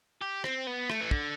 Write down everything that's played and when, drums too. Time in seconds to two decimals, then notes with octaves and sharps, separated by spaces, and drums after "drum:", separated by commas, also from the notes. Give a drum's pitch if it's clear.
0.21 G4
0.44 C4, drum: rim click
0.67 B3
0.90 A3, drum: rim click
1.01 E3
1.11 D3, drum: kick